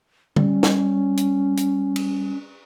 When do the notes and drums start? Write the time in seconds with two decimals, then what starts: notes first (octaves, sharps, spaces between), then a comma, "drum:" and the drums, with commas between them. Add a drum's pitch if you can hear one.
0.36 G3 C#4, drum: tom
0.63 drum: snare
1.17 drum: hi-hat
1.57 drum: hi-hat
1.96 drum: cymbal